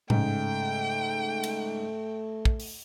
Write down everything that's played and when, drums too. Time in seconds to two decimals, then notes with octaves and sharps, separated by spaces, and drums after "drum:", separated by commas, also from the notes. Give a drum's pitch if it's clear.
0.10 G#2 C#3 A3 G5, drum: tom A2
1.44 drum: cymbal
2.45 drum: kick
2.60 drum: open hi-hat